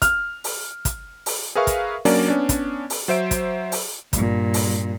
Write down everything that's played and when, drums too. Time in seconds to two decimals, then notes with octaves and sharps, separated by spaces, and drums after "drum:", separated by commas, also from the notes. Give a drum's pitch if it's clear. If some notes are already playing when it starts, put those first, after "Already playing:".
0.02 F6, drum: kick, hi-hat
0.44 drum: open hi-hat
0.85 drum: kick, hi-hat
1.26 drum: open hi-hat
1.55 G#4 A#4 B4 E5 F5 C#6
1.67 drum: kick, hi-hat
2.05 F#3 A#3 C#4 D4 A#4 D5, drum: open hi-hat
2.28 B3 C#4 D4
2.49 drum: kick, hi-hat
2.90 drum: open hi-hat
3.08 F#3 C5 E5 D7
3.31 drum: kick, hi-hat
3.72 drum: open hi-hat
4.13 G2 A#2, drum: kick, hi-hat
4.54 drum: open hi-hat